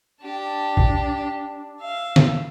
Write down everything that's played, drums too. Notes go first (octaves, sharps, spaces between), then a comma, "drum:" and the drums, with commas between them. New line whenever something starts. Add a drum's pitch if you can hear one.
D4 G4 A5
drum: kick
E5 F5
drum: snare